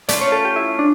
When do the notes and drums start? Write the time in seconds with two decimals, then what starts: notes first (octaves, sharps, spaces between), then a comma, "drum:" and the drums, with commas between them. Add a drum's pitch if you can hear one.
0.09 A3 C#4 F4 D5, drum: hi-hat
0.21 C#5
0.32 A4
0.45 G4
0.56 E4
0.79 D4